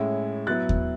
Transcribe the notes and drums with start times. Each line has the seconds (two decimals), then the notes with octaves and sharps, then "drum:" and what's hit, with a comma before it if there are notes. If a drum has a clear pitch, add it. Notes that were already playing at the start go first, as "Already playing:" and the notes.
Already playing: A2 G#3 C#4 E4
0.47 F#3 B3 E4 F#6 A6
0.69 drum: kick D#2